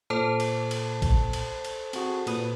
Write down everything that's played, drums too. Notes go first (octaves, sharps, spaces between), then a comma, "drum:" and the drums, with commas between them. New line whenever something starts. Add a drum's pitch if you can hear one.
A#2 A4 C5 A5
drum: cymbal
drum: cymbal
drum: kick, cymbal
drum: cymbal
drum: cymbal
C4 F#4 G#4, drum: cymbal
A#2 B4 D#6, drum: cymbal